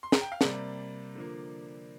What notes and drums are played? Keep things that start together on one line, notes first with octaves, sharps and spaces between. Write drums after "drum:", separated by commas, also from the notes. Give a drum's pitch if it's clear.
C6
A#5, drum: snare
G5
F5
C3 G3 A#3 D5, drum: snare
D3 F3 A#3